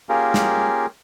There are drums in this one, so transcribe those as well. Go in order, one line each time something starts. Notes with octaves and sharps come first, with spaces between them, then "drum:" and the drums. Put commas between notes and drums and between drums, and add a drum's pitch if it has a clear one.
A#3 C#4 F4 G4 G#4 A#4
drum: snare